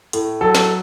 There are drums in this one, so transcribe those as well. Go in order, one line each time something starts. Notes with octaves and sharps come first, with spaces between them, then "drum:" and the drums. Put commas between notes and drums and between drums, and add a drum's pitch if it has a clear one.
A2, drum: hi-hat
F#3 A4
drum: snare